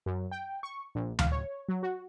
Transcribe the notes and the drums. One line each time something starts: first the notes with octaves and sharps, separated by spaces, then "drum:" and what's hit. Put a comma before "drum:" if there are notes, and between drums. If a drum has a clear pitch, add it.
F#2
G5
C#6
A#1
F5, drum: tom D2
C#5
F#3
F#4